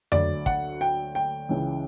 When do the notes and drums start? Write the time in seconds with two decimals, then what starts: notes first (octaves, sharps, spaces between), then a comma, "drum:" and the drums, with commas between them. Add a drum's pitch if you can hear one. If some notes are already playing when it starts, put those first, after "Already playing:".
0.12 D2 D3 F#3 D5, drum: tom F2
0.46 F#5, drum: kick
0.81 G5
1.15 G5
1.49 C#2 C#3 E3